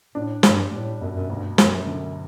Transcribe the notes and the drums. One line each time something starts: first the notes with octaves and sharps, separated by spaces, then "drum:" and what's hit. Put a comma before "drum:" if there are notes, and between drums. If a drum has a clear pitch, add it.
A2 D4
G2 G3, drum: snare
A2 G3
F#2 B2
F#2
D2 G2
F#2 F#3, drum: snare
D3